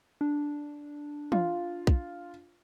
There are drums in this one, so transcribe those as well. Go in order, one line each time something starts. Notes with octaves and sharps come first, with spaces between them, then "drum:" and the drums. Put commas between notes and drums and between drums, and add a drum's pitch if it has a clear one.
D4
F4, drum: tom E3
drum: kick